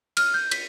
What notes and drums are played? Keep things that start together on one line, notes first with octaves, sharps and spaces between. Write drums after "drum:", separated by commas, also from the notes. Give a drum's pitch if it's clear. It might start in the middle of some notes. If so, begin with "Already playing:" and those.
F6, drum: cymbal
G6
B6, drum: cymbal